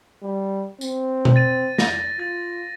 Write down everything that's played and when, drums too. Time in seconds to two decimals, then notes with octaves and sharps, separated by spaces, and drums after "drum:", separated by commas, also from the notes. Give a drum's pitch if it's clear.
0.23 G3
0.81 C4, drum: tambourine
1.25 drum: tom B2
1.36 A6 D#7
1.78 A#6, drum: snare
2.19 F4 A6